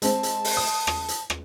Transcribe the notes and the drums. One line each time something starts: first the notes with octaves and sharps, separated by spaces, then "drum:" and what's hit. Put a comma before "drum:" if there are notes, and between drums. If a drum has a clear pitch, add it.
G#3 C4 A5, drum: hi-hat
drum: hi-hat
drum: open hi-hat
D#6
drum: rim click
drum: hi-hat
drum: rim click